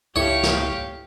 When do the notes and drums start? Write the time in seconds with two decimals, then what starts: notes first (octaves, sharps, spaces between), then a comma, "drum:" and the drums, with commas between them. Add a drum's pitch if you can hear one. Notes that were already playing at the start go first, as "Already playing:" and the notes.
0.16 C#2 E4 G4 A4 C#5 F5
0.43 drum: snare